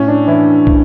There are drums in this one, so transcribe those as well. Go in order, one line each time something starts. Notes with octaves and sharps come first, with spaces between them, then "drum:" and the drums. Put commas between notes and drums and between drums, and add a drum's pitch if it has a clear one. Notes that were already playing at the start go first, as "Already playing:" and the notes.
Already playing: A2 C#4
D4
E3 E4
drum: kick